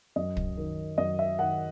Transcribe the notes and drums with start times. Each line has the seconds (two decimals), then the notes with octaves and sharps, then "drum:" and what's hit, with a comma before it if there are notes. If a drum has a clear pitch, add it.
0.16 F#2 D#5
0.37 drum: kick
0.57 D#3
0.98 F#2 D#5
1.19 E5
1.39 D#3 F#5